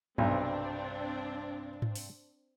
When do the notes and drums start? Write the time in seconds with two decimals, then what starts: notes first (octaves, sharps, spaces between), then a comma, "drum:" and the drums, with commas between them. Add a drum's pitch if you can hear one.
0.18 B1 G2 C3 C4 D4, drum: tom G2
1.82 drum: tom G#2
1.96 drum: open hi-hat